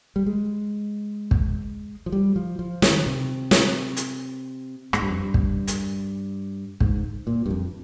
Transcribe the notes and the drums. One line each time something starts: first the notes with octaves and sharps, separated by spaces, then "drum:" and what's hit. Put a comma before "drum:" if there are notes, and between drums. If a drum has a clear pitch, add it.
G3
G#3
drum: kick
F3
G3
F3
F3
D#3, drum: snare
C3
drum: snare
drum: hi-hat
G#2, drum: rim click
G2
F2
G2
drum: kick
drum: hi-hat
G#2, drum: kick
A#2
G2
F2